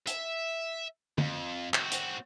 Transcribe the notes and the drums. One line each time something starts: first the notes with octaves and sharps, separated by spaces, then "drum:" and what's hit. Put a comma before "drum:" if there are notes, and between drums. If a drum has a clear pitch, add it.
E5, drum: hi-hat
F2, drum: tom
C4 F#4, drum: clap
drum: hi-hat